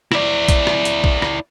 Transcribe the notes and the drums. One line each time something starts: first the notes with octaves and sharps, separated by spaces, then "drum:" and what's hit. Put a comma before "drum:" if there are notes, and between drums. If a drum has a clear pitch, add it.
E4 D5, drum: rim click
drum: kick A#1, hi-hat
drum: rim click
drum: hi-hat
drum: kick A#1
drum: rim click